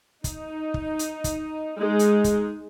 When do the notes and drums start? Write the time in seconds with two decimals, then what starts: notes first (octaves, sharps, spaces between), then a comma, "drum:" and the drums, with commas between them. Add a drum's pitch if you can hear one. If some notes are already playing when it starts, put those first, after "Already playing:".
0.24 D#4, drum: kick, hi-hat
0.74 drum: kick
0.99 drum: hi-hat
1.24 drum: kick, hi-hat
1.78 G#3 D#4 G#4
1.99 drum: hi-hat
2.24 drum: kick, hi-hat